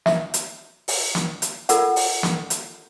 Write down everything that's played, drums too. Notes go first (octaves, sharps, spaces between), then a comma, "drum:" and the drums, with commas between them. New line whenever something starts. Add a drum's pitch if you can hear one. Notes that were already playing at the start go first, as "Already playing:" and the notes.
E5, drum: snare
drum: hi-hat
drum: open hi-hat
drum: snare
drum: hi-hat
F4 A4 A#4 F#5, drum: hi-hat
drum: open hi-hat
drum: snare
drum: hi-hat